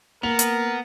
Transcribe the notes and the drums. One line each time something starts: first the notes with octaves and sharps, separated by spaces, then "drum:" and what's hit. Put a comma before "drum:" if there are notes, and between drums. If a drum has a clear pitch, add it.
A#3 B3 A#4 F7
drum: hi-hat